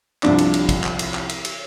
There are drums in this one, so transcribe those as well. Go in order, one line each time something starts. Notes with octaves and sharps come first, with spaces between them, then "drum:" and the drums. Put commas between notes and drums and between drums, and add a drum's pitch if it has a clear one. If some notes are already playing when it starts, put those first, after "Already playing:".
C2 C3 F3 D4, drum: clap
drum: cymbal
drum: cymbal
drum: kick, cymbal
drum: clap
drum: cymbal
drum: clap
drum: cymbal
drum: cymbal